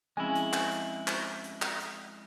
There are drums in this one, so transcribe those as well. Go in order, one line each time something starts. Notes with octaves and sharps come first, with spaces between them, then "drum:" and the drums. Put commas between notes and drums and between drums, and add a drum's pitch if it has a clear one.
F3 G#3 C4 C#4 E4 G#5
drum: hi-hat
drum: clap
drum: hi-hat
drum: clap
drum: hi-hat
drum: clap
drum: hi-hat